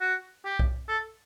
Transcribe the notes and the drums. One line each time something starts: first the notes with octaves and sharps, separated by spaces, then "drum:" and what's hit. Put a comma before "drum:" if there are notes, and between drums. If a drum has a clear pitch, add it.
F#4
G4
drum: kick B1
A4